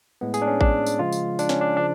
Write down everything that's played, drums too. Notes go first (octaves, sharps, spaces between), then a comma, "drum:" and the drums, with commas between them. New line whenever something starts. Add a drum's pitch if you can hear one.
A2 G#3 B3
G#4, drum: tambourine
D4
C#4
D4, drum: kick A1
drum: tambourine
C#3 F3 G#3 F4
drum: tambourine
D4, drum: tambourine
C#4, drum: snare
D4
C#3 F3 D4